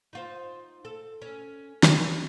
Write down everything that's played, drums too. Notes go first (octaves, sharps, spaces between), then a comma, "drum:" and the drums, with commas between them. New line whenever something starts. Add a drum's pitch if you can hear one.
D#4 F4 C5
A4
C#4
C#3, drum: snare